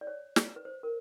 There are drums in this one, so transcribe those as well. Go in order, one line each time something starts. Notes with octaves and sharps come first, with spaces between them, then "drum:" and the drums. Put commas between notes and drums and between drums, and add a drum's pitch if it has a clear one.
D5
C#5
drum: snare
B4
C5
A#4